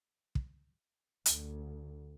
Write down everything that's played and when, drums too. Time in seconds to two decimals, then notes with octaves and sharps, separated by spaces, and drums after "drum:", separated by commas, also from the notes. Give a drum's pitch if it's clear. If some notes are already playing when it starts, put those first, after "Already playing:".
0.35 drum: kick
1.26 D2, drum: hi-hat